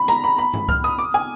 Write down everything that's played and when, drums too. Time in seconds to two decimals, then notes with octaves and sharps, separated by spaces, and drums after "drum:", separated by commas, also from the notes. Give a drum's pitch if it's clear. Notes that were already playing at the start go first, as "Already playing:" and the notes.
Already playing: B5
0.08 A#5, drum: rim click
0.24 B5
0.38 B5
0.54 drum: tom
0.69 F6, drum: kick C#2
0.84 D#6
0.99 D6
1.14 G#5